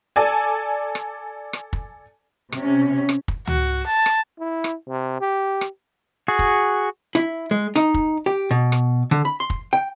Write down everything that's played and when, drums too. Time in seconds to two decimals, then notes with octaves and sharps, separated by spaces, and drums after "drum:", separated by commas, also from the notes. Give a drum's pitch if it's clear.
0.16 A4 D5 G#5
0.95 drum: rim click
1.53 drum: rim click
1.73 drum: kick
2.52 C3 C#4, drum: rim click
3.09 drum: rim click
3.28 drum: kick
3.47 F#4, drum: tom C#2
3.86 A5
4.06 drum: rim click
4.39 E4
4.64 drum: rim click
4.88 C3
5.20 G4
5.61 drum: rim click
6.28 F#4 G#4
6.39 drum: kick
7.15 E4, drum: rim click
7.51 G#3
7.76 D#4, drum: rim click
7.94 drum: kick
8.26 G4
8.51 B2
8.72 drum: rim click
9.11 D3
9.25 B5
9.40 C6
9.50 drum: kick
9.73 G5